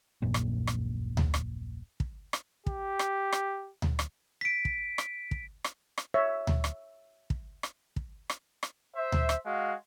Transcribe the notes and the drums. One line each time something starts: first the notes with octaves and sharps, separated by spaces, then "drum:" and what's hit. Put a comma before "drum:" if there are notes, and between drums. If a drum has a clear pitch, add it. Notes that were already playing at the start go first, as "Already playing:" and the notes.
D#1 A#1 F#2 A#2
drum: rim click
drum: rim click
drum: tom D2
drum: rim click
drum: kick
drum: rim click
G4, drum: kick
drum: rim click
drum: rim click
drum: tom D2
drum: rim click
B6 D7
drum: kick
drum: rim click
drum: kick
drum: rim click
drum: rim click
C#5 E5
drum: tom D2
drum: rim click
drum: kick
drum: rim click
drum: kick
drum: rim click
drum: rim click
C5 E5
drum: tom D2
drum: rim click
G#3 F#4 F5